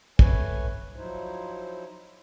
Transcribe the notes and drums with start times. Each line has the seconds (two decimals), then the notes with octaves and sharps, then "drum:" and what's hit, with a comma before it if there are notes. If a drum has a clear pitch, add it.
0.19 A3 B4 C#5 G#5, drum: kick
0.96 F3 F#3 D#4 E4 C5